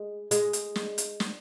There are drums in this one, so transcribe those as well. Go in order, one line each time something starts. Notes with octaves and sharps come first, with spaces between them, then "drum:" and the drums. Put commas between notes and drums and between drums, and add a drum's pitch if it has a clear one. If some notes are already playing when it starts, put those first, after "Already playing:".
Already playing: G#3
G#3, drum: hi-hat
drum: hi-hat
drum: snare
drum: hi-hat
drum: snare